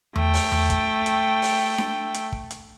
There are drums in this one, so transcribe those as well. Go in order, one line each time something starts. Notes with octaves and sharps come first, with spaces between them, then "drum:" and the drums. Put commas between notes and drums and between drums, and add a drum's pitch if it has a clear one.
A3 G5, drum: tom E2
drum: open hi-hat
drum: tom E2
drum: kick, hi-hat
drum: hi-hat
drum: open hi-hat
drum: snare D4
drum: hi-hat
drum: kick
drum: hi-hat